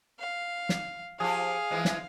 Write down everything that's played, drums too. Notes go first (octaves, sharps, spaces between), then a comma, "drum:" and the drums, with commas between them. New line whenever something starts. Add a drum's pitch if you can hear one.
F5
drum: snare
F3 G4 G#4 F5
E3 F3 G#3
drum: snare